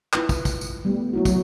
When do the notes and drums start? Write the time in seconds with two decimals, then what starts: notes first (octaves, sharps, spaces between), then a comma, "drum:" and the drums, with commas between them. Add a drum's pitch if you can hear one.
0.13 E4 F4 B4, drum: clap
0.29 drum: kick, tambourine
0.45 drum: kick, tambourine
0.61 drum: tambourine
0.85 G3 A3 B3
1.13 F#3 A#3 E4 F#4
1.25 drum: kick, tambourine